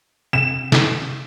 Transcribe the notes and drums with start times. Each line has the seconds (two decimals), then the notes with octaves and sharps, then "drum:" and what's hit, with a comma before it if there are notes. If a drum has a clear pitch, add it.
0.33 C3 E7
0.72 drum: snare